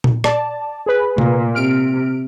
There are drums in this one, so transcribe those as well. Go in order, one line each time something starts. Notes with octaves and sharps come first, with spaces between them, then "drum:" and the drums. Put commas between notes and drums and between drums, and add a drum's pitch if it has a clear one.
drum: tom A#2
D5 A5, drum: rim click
G#4 B4
A#2, drum: tom C3
C3 F6 D7